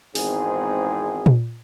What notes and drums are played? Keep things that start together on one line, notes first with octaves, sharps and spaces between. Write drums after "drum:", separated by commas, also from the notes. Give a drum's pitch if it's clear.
G#1 E2 G#2 C4 G#4, drum: open hi-hat
drum: tom A#2